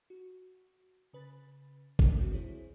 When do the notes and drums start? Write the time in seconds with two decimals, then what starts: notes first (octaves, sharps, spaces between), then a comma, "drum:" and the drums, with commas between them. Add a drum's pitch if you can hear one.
0.10 F#4
1.13 C#3 B4 B5 A6
1.99 drum: kick G1
2.16 G#3 C4 F#4
2.33 E4 G#4 C5 C#5